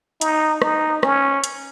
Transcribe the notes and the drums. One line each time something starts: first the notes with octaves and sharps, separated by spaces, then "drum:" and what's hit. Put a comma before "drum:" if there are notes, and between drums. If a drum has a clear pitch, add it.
D#4, drum: hi-hat
D#4, drum: rim click
C#4, drum: rim click
drum: hi-hat